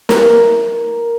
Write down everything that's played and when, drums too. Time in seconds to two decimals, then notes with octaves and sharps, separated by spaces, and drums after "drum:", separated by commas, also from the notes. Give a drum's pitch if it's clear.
0.09 A#4, drum: snare